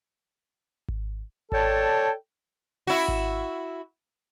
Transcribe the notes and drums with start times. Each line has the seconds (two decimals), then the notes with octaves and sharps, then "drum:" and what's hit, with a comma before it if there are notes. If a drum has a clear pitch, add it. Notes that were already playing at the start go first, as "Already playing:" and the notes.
0.88 drum: kick G#1
1.52 A4 C#5 D5 G5 A5, drum: kick G#1
2.87 E4 F#4
3.08 drum: kick G#1